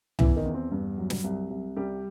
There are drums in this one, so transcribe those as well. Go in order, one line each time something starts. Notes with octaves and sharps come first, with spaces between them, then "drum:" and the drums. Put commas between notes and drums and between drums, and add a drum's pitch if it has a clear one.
E2 E3 E4, drum: tom C2
D#3 D#4
E2
C4
G2
F#3
drum: snare
C2
C2
C2 G3 G4